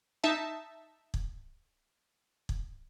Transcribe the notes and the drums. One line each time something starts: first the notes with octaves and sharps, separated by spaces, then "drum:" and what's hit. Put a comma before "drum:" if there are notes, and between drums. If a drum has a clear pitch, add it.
D#4 E5 A5
drum: kick
drum: kick